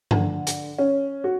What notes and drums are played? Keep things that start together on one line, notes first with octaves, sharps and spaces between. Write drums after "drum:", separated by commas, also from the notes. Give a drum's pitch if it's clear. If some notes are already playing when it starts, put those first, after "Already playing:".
D3, drum: tom G2
drum: hi-hat
C#4
F#4